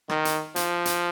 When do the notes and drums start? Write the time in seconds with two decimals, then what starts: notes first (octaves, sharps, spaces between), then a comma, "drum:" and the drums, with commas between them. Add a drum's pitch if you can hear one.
0.09 D#3, drum: rim click
0.25 drum: hi-hat
0.56 F3, drum: hi-hat
0.85 drum: hi-hat